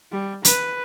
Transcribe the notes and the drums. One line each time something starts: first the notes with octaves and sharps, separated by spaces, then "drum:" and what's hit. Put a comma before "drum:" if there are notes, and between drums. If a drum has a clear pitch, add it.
G3
B4, drum: hi-hat